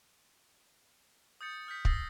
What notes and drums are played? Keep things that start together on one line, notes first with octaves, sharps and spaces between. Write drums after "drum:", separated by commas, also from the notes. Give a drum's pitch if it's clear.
D#6 G6 A6 C#7
D#6 F6 G6 B6
D#6 E6 A6 A#6 C7, drum: kick